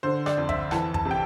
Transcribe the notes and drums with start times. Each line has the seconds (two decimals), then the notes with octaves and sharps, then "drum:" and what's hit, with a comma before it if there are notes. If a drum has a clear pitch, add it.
0.03 D3 C5
0.26 D5, drum: rim click
0.38 F2
0.49 E5, drum: kick
0.71 E3 A5, drum: rim click
0.94 A5, drum: kick
1.05 C3
1.11 G5